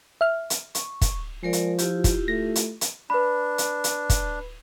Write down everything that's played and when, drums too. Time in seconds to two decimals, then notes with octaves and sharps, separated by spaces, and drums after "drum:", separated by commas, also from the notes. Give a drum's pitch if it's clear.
0.21 E5 F6
0.50 drum: hi-hat
0.75 C#6, drum: hi-hat
1.01 drum: kick, hi-hat
1.43 F3 G#3 A#4 D5
1.53 drum: hi-hat
1.78 E4 F4 G4, drum: hi-hat
2.04 drum: kick, hi-hat
2.28 A3 A#6
2.56 drum: hi-hat
2.81 drum: hi-hat
3.10 D4 B4 B5
3.58 drum: hi-hat
3.84 drum: hi-hat
4.10 drum: kick, hi-hat